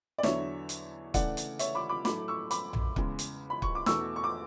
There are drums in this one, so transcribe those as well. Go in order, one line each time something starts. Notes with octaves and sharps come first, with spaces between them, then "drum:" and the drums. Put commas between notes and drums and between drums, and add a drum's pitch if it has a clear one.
D5
E2 D3 F#3 C#5 E5, drum: snare
drum: hi-hat
C#3 E3 A3 D5 F#5, drum: kick, hi-hat
drum: hi-hat
C#5 E5, drum: hi-hat
B5 D6
B5 D6
A2 F#3 A3 B5 D6, drum: snare
C#6 E6
B5 D6, drum: hi-hat
drum: tom A#1
E2 C#3 G#3, drum: kick
drum: hi-hat
B5
C#6, drum: kick
D6
E2 B2 A3 C#6 E6, drum: snare
C#6
D6